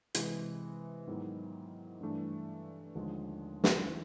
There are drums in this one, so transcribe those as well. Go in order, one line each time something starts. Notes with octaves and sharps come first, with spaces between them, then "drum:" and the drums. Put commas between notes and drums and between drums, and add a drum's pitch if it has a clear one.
C3 E3 G#3, drum: hi-hat
G#2 D#3 F#3 B3 E4
G2 E3 A3 D4
D#2 D3 F3 G#3
drum: snare
E3